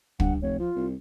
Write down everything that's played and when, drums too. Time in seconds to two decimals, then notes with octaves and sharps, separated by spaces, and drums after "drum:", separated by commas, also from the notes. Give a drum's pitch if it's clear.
0.20 G2 F#5, drum: kick
0.42 F1 C#5
0.60 F3 F4
0.76 C2